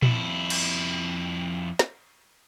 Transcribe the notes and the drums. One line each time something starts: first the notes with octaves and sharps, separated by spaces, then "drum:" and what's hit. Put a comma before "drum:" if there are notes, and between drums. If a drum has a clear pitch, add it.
F2 E4, drum: tom A#2
drum: cymbal
drum: snare